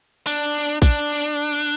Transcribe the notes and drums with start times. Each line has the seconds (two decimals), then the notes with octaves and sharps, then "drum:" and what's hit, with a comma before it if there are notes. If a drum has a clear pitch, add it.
0.26 D4, drum: tambourine
0.82 D4, drum: kick